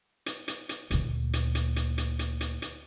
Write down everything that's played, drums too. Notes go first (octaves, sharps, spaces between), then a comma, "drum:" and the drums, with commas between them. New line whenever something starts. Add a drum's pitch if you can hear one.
drum: hi-hat
drum: hi-hat
drum: hi-hat
D2 A#2, drum: hi-hat
drum: hi-hat
drum: hi-hat
drum: hi-hat
drum: hi-hat
drum: hi-hat
drum: hi-hat
drum: hi-hat